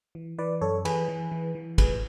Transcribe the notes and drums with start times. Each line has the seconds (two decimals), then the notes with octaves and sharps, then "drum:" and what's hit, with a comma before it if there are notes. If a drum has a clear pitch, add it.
0.15 E3
0.38 E3 B4 D5
0.61 F#2 A4 C#5
0.85 E3 G#4 B4, drum: cymbal
1.09 E3
1.32 E3
1.55 E3
1.78 A2 G#4 B4, drum: kick, cymbal